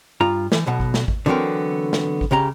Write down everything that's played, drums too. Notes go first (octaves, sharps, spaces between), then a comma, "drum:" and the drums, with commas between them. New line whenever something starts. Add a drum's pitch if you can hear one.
G2 F4 A#5
E3, drum: snare
B1 B2 F#5
drum: kick G#1
drum: snare
drum: kick G#1
D3 E3 F#3 B3 C4 A#4
drum: snare
drum: kick G#1
C#2 C#3 G4 A#5